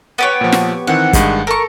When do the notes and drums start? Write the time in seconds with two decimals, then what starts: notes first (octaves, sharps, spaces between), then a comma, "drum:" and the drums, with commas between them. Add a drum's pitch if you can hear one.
0.18 B3 G4 C#5
0.41 A#2 F3
0.52 drum: snare
0.87 D#3 E3 C4 F#5
1.13 G2 D#3 G#3, drum: kick G1, hi-hat
1.47 A4 A#4 A5 C#6